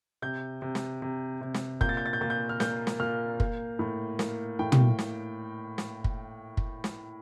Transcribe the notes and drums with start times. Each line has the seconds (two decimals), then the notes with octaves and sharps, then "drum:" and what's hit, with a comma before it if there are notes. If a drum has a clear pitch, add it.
0.22 C3 G6
0.62 C3
0.75 drum: snare
1.02 C3
1.41 C3
1.54 drum: snare
1.81 A#2 G6, drum: kick
1.89 A6
1.97 G6
2.06 A6
2.13 G6
2.21 A#2 A6
2.30 G6
2.49 F6
2.60 A#3 G6, drum: snare
2.87 drum: snare
3.00 A#2 F6
3.40 A#3, drum: kick
3.79 A2
4.19 A#3, drum: snare
4.59 A2 G5
4.72 drum: tom
4.99 drum: snare
5.78 drum: snare
6.04 drum: kick
6.57 drum: kick
6.84 drum: snare